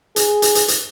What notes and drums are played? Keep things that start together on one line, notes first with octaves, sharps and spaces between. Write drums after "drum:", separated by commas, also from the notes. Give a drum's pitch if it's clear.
G#4, drum: hi-hat
drum: hi-hat
drum: hi-hat
drum: hi-hat